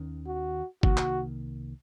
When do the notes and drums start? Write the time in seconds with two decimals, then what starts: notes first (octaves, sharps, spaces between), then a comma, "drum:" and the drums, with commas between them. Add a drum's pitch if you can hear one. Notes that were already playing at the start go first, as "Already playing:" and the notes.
Already playing: D#2 D#3 C#4
0.27 F#4
0.83 C2 C3 D#3 A#3 F#4, drum: kick
0.97 drum: clap